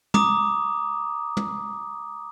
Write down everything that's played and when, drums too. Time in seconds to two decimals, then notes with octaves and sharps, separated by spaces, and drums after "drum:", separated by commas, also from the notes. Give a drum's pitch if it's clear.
0.14 A#5 D6 D#6, drum: tom
1.37 drum: tom